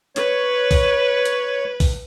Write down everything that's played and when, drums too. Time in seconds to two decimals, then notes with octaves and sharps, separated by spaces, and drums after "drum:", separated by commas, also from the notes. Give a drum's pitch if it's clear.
0.16 B4 C#5, drum: hi-hat
0.71 drum: kick B1, open hi-hat
1.25 drum: hi-hat
1.80 drum: kick B1, open hi-hat